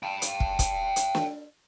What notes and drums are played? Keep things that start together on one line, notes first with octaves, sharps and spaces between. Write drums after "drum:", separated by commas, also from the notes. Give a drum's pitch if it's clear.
G5 A5
drum: hi-hat
drum: kick
drum: kick, hi-hat
drum: hi-hat
drum: snare